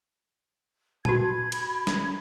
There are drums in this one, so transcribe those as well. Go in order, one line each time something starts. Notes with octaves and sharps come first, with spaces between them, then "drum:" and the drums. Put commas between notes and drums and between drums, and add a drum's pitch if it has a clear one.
F#4 A5 B5 G#6, drum: tom A#2
drum: cymbal
drum: snare